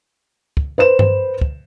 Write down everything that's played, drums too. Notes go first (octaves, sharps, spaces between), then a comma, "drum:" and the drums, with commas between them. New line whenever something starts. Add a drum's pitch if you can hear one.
drum: kick
B4 C5 E7
drum: tom G2
drum: kick